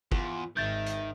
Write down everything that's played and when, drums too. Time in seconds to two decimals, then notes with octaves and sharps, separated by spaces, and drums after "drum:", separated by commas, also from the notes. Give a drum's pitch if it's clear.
0.12 E2 F4, drum: kick
0.57 G#1 D#3 E5 G6 A6
0.86 drum: hi-hat